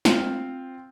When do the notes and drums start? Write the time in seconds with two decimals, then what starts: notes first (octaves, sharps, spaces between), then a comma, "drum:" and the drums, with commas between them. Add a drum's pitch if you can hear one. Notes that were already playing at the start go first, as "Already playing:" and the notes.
0.05 C4 F4, drum: snare